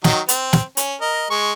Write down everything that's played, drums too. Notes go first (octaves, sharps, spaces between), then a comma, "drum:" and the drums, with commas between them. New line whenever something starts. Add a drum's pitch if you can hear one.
D#3 F#3 D#5, drum: snare
C4, drum: hi-hat
drum: snare
C#4, drum: hi-hat
A#4 D#5
G#3 C#6